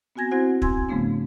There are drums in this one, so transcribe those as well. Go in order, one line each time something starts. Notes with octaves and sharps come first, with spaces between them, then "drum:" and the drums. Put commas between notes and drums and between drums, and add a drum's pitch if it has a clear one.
B3 C4 F#4 G#5 G#6 A#6
C4 E4 F#4 C5 F#5
G#5 C6 E6 G#6, drum: kick
G#2 C#3 F3 A3 B3 D4